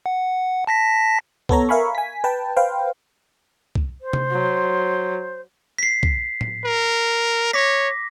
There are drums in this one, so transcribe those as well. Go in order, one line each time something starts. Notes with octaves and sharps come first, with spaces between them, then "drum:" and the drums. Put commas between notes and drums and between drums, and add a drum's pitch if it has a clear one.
F#5
A5 A#6 B6
B3 A4 C#5 A#5, drum: kick
A#4 E5 F5 G#5 B5 C#6
G#5 B6
B4 G5 A5
B4 C5 F5 G5
drum: kick
C5
drum: tom C3
F#3
B6 C7
drum: kick
drum: tom A2
A#4
C#5 D6 A#6 B6